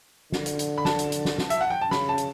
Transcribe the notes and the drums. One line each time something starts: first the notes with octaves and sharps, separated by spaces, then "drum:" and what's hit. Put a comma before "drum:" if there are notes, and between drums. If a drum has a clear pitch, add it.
D3, drum: snare
drum: hi-hat
drum: hi-hat
B5
A5, drum: snare
drum: hi-hat
drum: hi-hat
drum: snare
drum: snare
E5, drum: hi-hat
F#5
G5
A5
C#3 B5, drum: snare
A5
drum: hi-hat